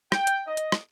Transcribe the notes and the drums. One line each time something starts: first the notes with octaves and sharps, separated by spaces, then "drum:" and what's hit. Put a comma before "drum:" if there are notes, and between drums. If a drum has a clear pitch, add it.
G5, drum: rim click
drum: hi-hat
D#5
drum: hi-hat
drum: rim click